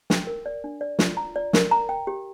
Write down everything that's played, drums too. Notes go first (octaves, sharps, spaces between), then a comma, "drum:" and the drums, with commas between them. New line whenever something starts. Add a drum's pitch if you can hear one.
G5, drum: snare
A#4
D5
D4
D5
F4, drum: snare
A#5
D5
A#4, drum: snare
A#5
G5
G4